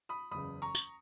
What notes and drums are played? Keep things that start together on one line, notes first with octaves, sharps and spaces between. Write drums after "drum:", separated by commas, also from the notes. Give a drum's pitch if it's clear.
B5 D#6
F#1 E2 C#3 B5 D#6
A#5 C#6
drum: tambourine